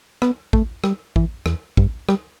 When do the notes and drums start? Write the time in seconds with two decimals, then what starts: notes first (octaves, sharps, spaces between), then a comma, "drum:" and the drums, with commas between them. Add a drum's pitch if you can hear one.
0.22 B3, drum: rim click
0.53 A3, drum: kick
0.84 G3, drum: rim click
1.16 E3, drum: kick
1.46 E2, drum: rim click
1.77 G2, drum: kick
2.09 G3, drum: rim click